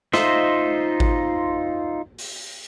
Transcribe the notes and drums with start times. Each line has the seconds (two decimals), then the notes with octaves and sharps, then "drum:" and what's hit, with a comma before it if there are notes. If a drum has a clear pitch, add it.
0.13 D#4 F4 C5 D#5 E5, drum: snare
1.00 drum: kick G#1
2.18 drum: open hi-hat